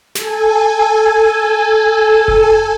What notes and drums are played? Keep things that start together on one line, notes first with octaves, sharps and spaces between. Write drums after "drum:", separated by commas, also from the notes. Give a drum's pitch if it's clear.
A4 G#5, drum: snare
drum: kick F1